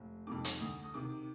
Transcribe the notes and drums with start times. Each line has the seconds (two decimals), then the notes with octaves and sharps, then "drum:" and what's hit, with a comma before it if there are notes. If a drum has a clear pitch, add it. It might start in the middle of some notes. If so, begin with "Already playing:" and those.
Already playing: F1
0.27 F2 C3 D#3 D6
0.45 drum: hi-hat
0.60 D2 D#6
0.84 D#6
0.94 C3 D#3 D6